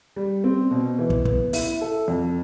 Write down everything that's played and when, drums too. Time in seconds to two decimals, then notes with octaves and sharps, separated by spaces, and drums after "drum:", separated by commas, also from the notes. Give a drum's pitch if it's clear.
0.16 G3
0.44 C4
0.71 B2
0.99 E3
1.10 drum: kick
1.25 B3, drum: kick
1.53 E4, drum: open hi-hat
1.81 A4
2.08 F2